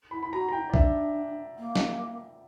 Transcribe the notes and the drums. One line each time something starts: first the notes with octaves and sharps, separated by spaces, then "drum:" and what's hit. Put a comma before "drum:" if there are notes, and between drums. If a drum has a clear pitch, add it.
E4 B5
B5
F#4 A#5
A#5
E4 G5
D5
D4 E5, drum: kick
A#3
drum: snare